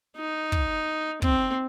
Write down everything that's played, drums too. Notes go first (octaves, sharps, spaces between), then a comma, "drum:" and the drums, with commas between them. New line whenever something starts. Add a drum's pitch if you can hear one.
D#4
drum: kick
C4, drum: kick